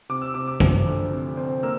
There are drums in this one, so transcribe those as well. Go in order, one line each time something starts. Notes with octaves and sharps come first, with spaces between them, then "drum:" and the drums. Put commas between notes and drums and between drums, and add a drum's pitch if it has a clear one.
C3 D6
E6
C3 D6
D6
F3, drum: kick
D2
C3
C4
A#3 E6